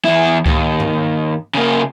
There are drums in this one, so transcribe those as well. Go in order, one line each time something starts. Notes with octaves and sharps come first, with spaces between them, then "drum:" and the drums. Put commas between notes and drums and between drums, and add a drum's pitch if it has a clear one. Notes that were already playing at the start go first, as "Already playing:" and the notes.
E2 E4
D#2, drum: kick C#2
drum: tom G2
C#3 A#3